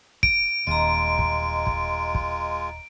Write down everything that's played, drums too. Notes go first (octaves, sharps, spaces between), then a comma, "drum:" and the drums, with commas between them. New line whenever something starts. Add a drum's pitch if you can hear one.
D7, drum: kick
D#1 G#3 F4 D#5 A#5
drum: kick
drum: kick
drum: kick